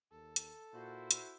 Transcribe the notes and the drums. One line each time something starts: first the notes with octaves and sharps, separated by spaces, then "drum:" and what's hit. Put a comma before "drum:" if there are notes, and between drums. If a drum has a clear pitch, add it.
D#2 A4
drum: hi-hat
A#2 E4 F#4 C5
drum: hi-hat